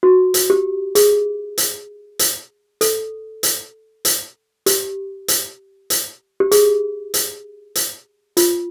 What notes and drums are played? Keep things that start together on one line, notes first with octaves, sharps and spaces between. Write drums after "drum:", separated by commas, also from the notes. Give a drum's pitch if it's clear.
F#4
drum: hi-hat
G4
G#4, drum: hi-hat
drum: hi-hat
drum: hi-hat
A4, drum: hi-hat
drum: hi-hat
drum: hi-hat
G4, drum: hi-hat
drum: hi-hat
drum: hi-hat
G4
G#4, drum: hi-hat
drum: hi-hat
drum: hi-hat
F4, drum: hi-hat